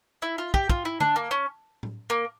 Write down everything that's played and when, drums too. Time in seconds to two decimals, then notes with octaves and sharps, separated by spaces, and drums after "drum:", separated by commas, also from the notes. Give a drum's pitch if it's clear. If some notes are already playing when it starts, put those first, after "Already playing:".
0.22 E4
0.38 F4
0.54 G4, drum: kick
0.70 F4, drum: kick
0.85 E4
1.00 D4, drum: tom D3
1.16 A#3
1.31 C#4
1.83 drum: tom A2
2.10 A#3